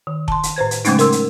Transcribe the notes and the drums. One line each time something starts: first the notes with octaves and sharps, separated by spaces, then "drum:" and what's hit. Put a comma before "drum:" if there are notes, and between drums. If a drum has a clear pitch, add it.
D#3
A5 C6, drum: kick
drum: hi-hat
A2 B4 C5 G#6
drum: hi-hat
C#3 F#3 G#3 A3 C#4 D#4, drum: hi-hat
A#4 C6 E6, drum: hi-hat
drum: hi-hat